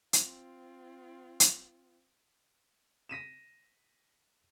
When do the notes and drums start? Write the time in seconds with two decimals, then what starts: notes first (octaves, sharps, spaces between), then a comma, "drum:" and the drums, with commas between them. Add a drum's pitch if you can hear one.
0.13 C4 F4, drum: hi-hat
1.40 drum: hi-hat
3.09 A#6 B6 D#7 E7